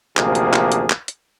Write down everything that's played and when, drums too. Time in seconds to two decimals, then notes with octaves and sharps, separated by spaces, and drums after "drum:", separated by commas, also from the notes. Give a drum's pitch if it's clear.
0.17 A1 D2 C3 F3 A#3 G#4, drum: clap
0.35 drum: hi-hat
0.53 drum: clap
0.72 drum: hi-hat
0.90 drum: clap
1.08 drum: hi-hat